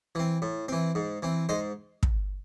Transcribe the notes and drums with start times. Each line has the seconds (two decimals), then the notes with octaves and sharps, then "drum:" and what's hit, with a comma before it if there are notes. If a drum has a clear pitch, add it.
0.15 E3 C4
0.42 A2
0.69 E3 C4
0.95 G#2
1.22 E3 C4
1.49 G#2 C5 D#5
2.03 drum: kick